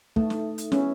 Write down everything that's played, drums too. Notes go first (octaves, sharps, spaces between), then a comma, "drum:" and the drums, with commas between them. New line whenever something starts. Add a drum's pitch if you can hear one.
A3 D#4 A4 E5, drum: kick
drum: snare
drum: hi-hat
B3 C#4 E4 B4 E5, drum: snare